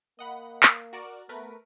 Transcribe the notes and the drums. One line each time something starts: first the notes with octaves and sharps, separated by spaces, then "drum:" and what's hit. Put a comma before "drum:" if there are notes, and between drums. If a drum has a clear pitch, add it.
A#3 D#5 F#5 B5
drum: clap
F#4 A#4 D5
A3 B3 A#4 B4